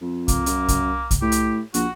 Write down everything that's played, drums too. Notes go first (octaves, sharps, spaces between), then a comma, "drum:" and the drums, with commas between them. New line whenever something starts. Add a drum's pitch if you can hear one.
F2
A#3, drum: kick C2, hi-hat
F#2, drum: hi-hat
drum: kick C2, hi-hat
drum: kick C2, hi-hat
A2 G4
drum: hi-hat
A#1 F#4, drum: hi-hat